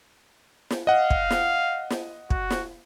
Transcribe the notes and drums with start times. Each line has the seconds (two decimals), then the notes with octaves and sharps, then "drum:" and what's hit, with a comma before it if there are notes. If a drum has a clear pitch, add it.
0.70 drum: snare
0.87 D#5 F5 F#5
1.10 drum: kick
1.30 drum: snare
1.90 drum: snare
2.30 F#4, drum: kick
2.50 drum: snare